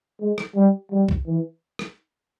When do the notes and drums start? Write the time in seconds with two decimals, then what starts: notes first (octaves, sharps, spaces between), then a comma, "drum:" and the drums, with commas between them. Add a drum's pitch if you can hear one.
0.20 G#3
0.38 drum: rim click
0.55 G3
0.91 G3
1.09 drum: kick B1
1.26 E3
1.79 drum: rim click